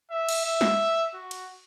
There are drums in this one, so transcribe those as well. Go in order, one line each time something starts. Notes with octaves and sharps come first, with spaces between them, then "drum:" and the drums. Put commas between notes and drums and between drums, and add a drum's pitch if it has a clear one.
E5
drum: cymbal
E5
drum: snare
F#4
drum: cymbal